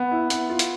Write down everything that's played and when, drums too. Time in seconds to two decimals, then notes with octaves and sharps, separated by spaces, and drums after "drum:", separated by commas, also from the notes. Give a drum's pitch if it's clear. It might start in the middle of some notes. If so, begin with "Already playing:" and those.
Already playing: B3
0.11 E4
0.30 B3, drum: hi-hat
0.50 F4
0.59 drum: hi-hat